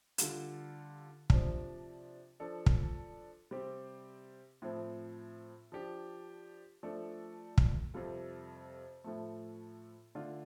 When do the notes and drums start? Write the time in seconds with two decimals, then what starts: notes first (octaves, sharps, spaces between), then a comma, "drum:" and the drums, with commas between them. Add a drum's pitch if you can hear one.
0.18 D3 G3 F4 A4, drum: hi-hat
1.30 C3 F3 D4, drum: kick
2.40 F3 D4 A4
2.66 drum: kick
3.51 C3 G3 C4 G4
4.62 A2 F3 C4
5.72 F3 D4 G4
6.83 F3 A3 D4 A4
7.58 drum: kick
7.94 F2 C3 G3 F4 A4
9.04 A2 F3 A3
10.15 D3 A3 D4 F4